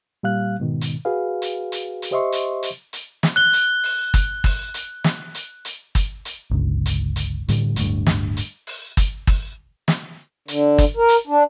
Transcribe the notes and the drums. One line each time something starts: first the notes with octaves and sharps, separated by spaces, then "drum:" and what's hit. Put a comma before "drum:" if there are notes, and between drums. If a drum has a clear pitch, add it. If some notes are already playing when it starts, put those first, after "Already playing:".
A#2 G3 F5 F#6
G#2 B2 D#3
drum: hi-hat
F#4 G#4 B4 F5
drum: hi-hat
drum: hi-hat
drum: hi-hat
G4 C5 D#5 E5 C6 C#6
drum: hi-hat
drum: hi-hat
drum: hi-hat
drum: snare
F#6 G7
drum: hi-hat
drum: open hi-hat
drum: kick, hi-hat
drum: kick, open hi-hat
drum: hi-hat
drum: snare
drum: hi-hat
drum: hi-hat
drum: kick, hi-hat
drum: hi-hat
G1 C#2
drum: hi-hat
drum: hi-hat
A2 D3 G3, drum: hi-hat
D1 D2 G2, drum: hi-hat
drum: snare
drum: hi-hat
drum: open hi-hat
drum: kick, hi-hat
drum: kick, open hi-hat
drum: snare
D3, drum: hi-hat
drum: kick, hi-hat
A#4
drum: hi-hat
D4